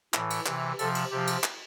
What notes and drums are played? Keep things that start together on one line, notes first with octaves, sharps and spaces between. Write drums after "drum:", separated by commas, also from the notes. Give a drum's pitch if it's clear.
A2 E3, drum: clap
drum: cymbal
C3 E3, drum: clap
C3 F3 A4, drum: cymbal
drum: cymbal
C3 F3 G4
drum: cymbal
drum: clap